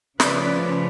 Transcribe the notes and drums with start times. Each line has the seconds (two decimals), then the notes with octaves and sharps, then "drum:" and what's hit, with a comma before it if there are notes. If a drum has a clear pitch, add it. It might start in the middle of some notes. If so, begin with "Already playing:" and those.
0.20 C#3 F3 A3 C#4 B4 D5, drum: snare